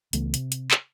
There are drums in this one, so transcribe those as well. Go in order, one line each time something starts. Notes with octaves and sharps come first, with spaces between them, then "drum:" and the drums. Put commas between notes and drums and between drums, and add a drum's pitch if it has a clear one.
C#2 E3 A3 B3, drum: hi-hat
C3, drum: hi-hat
drum: hi-hat
drum: clap